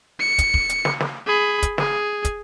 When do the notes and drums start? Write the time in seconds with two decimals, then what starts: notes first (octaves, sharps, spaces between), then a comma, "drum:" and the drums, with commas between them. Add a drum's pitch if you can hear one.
0.20 C#7
0.38 drum: kick, hi-hat
0.54 drum: kick
0.69 drum: hi-hat
0.85 drum: snare
1.00 drum: snare
1.26 G#4 B5
1.62 drum: kick, hi-hat
1.78 G#4, drum: snare
2.25 drum: kick, hi-hat